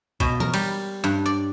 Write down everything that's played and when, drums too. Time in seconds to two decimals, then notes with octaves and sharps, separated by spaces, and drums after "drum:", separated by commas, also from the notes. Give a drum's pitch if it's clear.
0.20 B2, drum: kick A1
0.40 A#4, drum: tom E3
0.54 G3, drum: cymbal
1.04 G2
1.26 D5